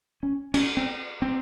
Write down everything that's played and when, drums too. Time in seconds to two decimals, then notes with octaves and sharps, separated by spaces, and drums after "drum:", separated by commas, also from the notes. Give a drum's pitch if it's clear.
0.23 C#4
0.54 C#4, drum: cymbal
0.77 C4
1.22 C4